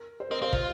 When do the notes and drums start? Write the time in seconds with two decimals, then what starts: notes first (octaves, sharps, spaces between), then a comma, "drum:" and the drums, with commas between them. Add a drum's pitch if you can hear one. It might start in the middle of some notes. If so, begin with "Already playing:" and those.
Already playing: A#4
0.20 C5
0.31 C4 A#4 D#5
0.42 C4 C5 F5
0.53 F4, drum: kick